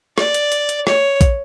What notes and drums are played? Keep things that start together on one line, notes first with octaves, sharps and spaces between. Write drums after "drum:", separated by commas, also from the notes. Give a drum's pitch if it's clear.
D5, drum: rim click
drum: hi-hat
drum: hi-hat
drum: hi-hat
C#5, drum: rim click
drum: kick A#1, hi-hat